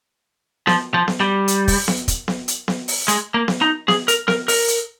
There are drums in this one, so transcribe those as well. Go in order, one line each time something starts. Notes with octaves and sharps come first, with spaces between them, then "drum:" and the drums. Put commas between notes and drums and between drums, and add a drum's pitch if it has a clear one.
F3, drum: snare B3
F3
drum: snare B3
G3
drum: hi-hat
drum: kick, open hi-hat
drum: snare B3
drum: kick, hi-hat
drum: snare B3
drum: hi-hat
drum: snare B3
drum: open hi-hat
G#3, drum: hi-hat
A#3
drum: snare B3
D#4
G#4, drum: snare B3
A#4, drum: hi-hat
A#4, drum: snare B3
A#4, drum: open hi-hat
drum: hi-hat